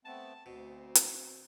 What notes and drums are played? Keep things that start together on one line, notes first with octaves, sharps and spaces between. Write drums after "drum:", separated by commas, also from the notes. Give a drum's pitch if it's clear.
A3 B3 C4 A5
D2 B2 C4
drum: hi-hat